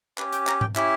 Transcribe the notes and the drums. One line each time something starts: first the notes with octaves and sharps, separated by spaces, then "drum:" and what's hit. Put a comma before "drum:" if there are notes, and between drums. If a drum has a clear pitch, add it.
C#4 G4 B4, drum: clap
G5, drum: hi-hat
A#5, drum: clap
G5, drum: tom G#2
C#4 E4 G4 E5, drum: clap